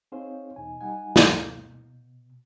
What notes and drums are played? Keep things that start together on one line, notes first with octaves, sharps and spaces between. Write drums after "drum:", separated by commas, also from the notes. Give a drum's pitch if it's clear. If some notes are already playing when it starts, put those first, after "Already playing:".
C4 D#4 G#4 C5 C#5 F5
E2 B2 D#4 G#5
G3 D#4 F#5 G#5
drum: snare
B2